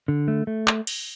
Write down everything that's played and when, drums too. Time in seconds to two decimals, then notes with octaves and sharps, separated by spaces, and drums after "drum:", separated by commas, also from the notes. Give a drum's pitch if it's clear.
0.08 D3
0.28 A3
0.47 A3
0.68 drum: clap
0.87 drum: cymbal